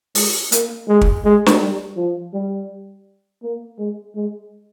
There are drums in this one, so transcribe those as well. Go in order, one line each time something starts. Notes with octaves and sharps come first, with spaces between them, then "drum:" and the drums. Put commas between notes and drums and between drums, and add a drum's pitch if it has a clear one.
G#3, drum: open hi-hat
A#3, drum: hi-hat
G#3
drum: kick
G#3
drum: snare
G3
F3
G3
A#3
G#3
G#3